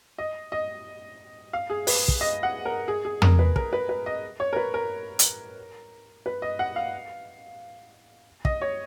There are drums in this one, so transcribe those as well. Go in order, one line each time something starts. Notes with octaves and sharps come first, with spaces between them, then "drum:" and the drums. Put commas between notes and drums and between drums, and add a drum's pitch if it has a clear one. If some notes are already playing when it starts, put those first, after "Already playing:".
D#5
D#5
F5
G#4
B4, drum: open hi-hat
drum: kick
D#5
F#5
A#4
G#4
G#4
A#4, drum: tom
B4
A#4, drum: kick
B4
B4
D#5
C#5
A#4
B4
A#4
drum: hi-hat
B4
D#5
F#5
F5
D#5, drum: kick
C#5